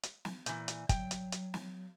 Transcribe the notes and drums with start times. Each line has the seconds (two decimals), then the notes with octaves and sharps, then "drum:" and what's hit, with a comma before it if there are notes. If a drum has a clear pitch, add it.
0.03 drum: hi-hat
0.25 drum: snare
0.46 A#2 E3, drum: hi-hat
0.68 drum: hi-hat
0.89 F#3 G5, drum: kick, hi-hat
1.11 drum: hi-hat
1.32 drum: hi-hat
1.54 drum: snare